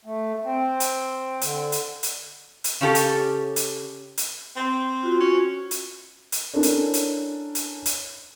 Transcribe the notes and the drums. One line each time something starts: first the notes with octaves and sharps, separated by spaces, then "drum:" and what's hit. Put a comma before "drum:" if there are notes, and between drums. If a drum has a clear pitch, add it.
A3
C4
drum: hi-hat
D3, drum: hi-hat
drum: hi-hat
drum: hi-hat
drum: hi-hat
C#3 C#4 G4 A4
drum: hi-hat
drum: hi-hat
drum: hi-hat
C4
F4 F#4
C#4
drum: hi-hat
drum: hi-hat
C#4 D4 E4 A4 A#4 C#5
drum: hi-hat
drum: hi-hat
drum: hi-hat
drum: hi-hat